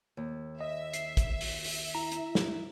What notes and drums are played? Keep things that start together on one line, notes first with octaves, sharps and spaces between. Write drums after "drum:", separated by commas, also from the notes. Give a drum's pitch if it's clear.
D#2
D#5 E5
C7, drum: hi-hat
drum: kick, hi-hat
drum: open hi-hat
drum: open hi-hat
E4 A#5
drum: hi-hat
drum: snare